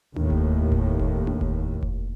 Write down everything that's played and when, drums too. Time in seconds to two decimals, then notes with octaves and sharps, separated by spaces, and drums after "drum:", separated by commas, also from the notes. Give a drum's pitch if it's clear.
0.16 D#2 A2, drum: tom D4
0.30 drum: kick F1
0.72 drum: kick F1
0.99 drum: kick F1
1.27 drum: tom D4
1.41 drum: kick F1
1.83 drum: kick F1